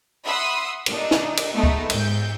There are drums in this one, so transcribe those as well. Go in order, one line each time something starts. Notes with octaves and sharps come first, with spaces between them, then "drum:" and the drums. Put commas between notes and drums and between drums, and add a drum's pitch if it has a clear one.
E5 F#5 B5 C6 D#6 E6
D4 D#4, drum: cymbal
drum: snare
drum: cymbal
G#3 A3 B3 D#4
drum: kick D2
G#2 G6, drum: cymbal